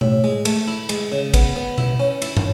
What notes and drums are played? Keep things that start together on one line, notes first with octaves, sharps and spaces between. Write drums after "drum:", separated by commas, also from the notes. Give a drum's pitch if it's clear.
A2, drum: tom B2
G#3
A3, drum: cymbal
E4
G#3, drum: cymbal
C#3
B3, drum: kick, cymbal
B3
E4, drum: tom B2
C#4
E4, drum: cymbal
drum: tom